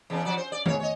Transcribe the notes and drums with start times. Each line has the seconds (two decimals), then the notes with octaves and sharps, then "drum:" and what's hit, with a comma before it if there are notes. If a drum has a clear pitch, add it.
0.10 E2 C#3
0.25 F3 F#4 D5
0.37 C5
0.52 D5
0.66 G#2 C#5, drum: tom D#3
0.80 C#5 D#5